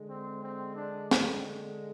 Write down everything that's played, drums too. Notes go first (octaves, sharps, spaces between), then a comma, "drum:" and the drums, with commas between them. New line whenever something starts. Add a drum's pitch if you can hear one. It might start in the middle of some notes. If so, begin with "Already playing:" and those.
Already playing: D3 G#3
C4
C4
D4
drum: snare